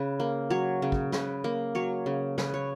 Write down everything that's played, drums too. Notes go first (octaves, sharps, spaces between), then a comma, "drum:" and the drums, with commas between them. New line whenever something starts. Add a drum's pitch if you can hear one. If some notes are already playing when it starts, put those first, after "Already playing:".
Already playing: C#3 B4
A#3
F#3 C#5
C#3
drum: kick
C#3 B4, drum: snare
A#3
F#3 C#5
C#3
C#3 B4, drum: snare
C#5